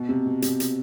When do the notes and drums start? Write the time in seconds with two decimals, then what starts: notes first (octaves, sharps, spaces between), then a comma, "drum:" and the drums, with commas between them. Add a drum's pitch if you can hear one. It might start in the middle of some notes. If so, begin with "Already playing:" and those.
Already playing: B2
0.09 C3
0.26 B2
0.42 C3, drum: hi-hat
0.60 drum: hi-hat